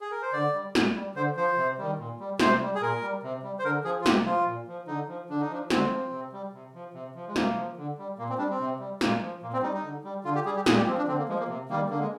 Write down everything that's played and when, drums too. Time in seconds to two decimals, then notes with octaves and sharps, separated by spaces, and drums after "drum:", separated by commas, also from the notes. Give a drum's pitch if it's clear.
0.01 G#4
0.11 A#4
0.22 C5
0.33 D3 D5
0.53 G3
0.75 A#2, drum: snare
0.95 G3
1.15 D3 C5
1.36 F3 C5
1.57 C3
1.78 D#3 G3
1.99 A#2
2.20 G3
2.40 C3 C5, drum: snare
2.61 G3
2.75 G#4
2.81 A#2 A#4
3.02 G3
3.23 C3
3.43 G3
3.59 C5
3.64 D3 A#4
3.84 F3 G#4
4.01 F4
4.06 C3 G4, drum: snare
4.25 F3 F4
4.46 A#2
4.68 F3
4.87 D3 D#4
5.08 F3
5.29 D3 D4
5.40 D#4
5.50 F3 D4
5.70 D3 C4, drum: snare
5.90 F3
6.11 C3
6.32 G3
6.53 C3
6.74 F3
6.94 C3
7.15 F3
7.27 G#3
7.36 C3 A#3, drum: snare
7.57 F3
7.77 D3
7.98 G3
8.18 A#2 A#3
8.29 C4
8.38 G3 D4
8.50 C4
8.60 C3
8.80 G3
9.01 A#2 A#3, drum: snare
9.22 F3
9.42 A#2 A#3
9.53 C4
9.63 G3 D#4
9.74 D#4
9.83 D3
10.04 G3
10.24 D3 F4
10.35 G4
10.45 G3 G#4
10.56 G4
10.66 A#2 G#4, drum: snare
10.77 G4
10.87 F3 C4
10.97 D4
11.07 D3 C4
11.18 A#3
11.29 F3 G#3
11.39 A#3
11.48 C3
11.69 D#3 G3 A#3
11.90 D3 A#3
11.99 G#3